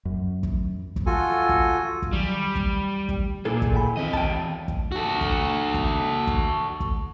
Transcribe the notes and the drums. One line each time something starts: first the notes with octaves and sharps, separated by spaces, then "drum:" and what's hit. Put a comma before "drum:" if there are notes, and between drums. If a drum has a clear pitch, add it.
F#2
drum: kick
drum: kick
F4 F#4 A4 G#5
drum: kick
drum: kick
D#3 F#3 G3
drum: kick
drum: kick
A#2 E4 G#4 A4
drum: kick
G5 G#5 B5
E2 D#3 C4 D#5 B6
G5 A5, drum: kick
drum: kick
F#4 A4
drum: kick
drum: kick
drum: kick
drum: kick